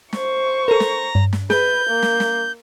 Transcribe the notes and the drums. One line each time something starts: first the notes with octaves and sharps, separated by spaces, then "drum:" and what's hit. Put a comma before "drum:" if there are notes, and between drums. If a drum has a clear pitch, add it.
C5 C#6, drum: snare
A4 A#4 A#5
drum: snare
G2
drum: snare
G#4 B4 G6, drum: snare
A#3
drum: snare
drum: snare